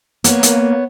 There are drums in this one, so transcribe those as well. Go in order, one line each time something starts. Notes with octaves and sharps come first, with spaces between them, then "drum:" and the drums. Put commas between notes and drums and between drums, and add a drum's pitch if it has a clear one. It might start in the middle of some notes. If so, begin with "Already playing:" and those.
A#3 B3 C#5, drum: hi-hat
drum: hi-hat